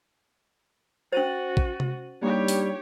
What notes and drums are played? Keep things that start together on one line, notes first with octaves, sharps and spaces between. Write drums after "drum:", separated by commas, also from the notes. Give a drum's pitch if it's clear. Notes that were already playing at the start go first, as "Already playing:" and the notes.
C#4 F#4 C5 A6 D#7 F#7
drum: kick
drum: tom C3
G3 A#3 D4 D#4 G4 C#5
drum: open hi-hat